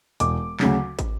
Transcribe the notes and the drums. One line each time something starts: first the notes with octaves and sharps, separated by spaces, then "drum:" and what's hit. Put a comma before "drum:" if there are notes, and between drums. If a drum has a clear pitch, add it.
E1 D6, drum: hi-hat
D2 C#3 F#3, drum: clap
drum: kick, hi-hat